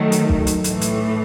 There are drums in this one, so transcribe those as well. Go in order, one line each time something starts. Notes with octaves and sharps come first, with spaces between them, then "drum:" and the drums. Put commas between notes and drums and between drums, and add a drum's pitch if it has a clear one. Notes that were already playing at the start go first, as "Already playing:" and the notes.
Already playing: D#3 F#3 A3
drum: hi-hat
drum: kick
drum: hi-hat
A2 E3 A3, drum: hi-hat
drum: hi-hat